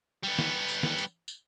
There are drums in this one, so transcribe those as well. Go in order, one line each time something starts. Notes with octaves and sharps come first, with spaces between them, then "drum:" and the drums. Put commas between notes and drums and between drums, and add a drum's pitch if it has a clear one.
G3 B3
drum: snare
drum: tambourine
drum: snare
drum: tambourine
drum: tambourine